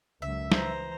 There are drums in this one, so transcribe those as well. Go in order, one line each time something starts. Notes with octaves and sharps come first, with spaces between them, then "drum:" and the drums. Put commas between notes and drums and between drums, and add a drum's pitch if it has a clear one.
C#2 F#2 E5
E3 C5 A#5, drum: snare